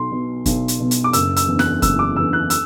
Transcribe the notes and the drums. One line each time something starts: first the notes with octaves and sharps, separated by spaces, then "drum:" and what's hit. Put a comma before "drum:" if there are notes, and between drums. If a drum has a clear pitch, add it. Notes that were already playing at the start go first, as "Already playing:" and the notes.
Already playing: B1 C6
B2
B1, drum: kick, hi-hat
drum: hi-hat
B2
drum: hi-hat
D6
F#1 E6, drum: hi-hat
E6, drum: hi-hat
E2 D3
F#6, drum: snare
F#1 E6, drum: kick, hi-hat
D6
E2 D3 E6
F#6
E6, drum: hi-hat